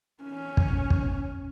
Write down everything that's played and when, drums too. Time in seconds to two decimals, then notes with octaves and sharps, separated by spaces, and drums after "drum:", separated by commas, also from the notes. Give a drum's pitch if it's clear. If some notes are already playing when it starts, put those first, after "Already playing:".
0.24 C#4
0.57 drum: kick
0.90 drum: kick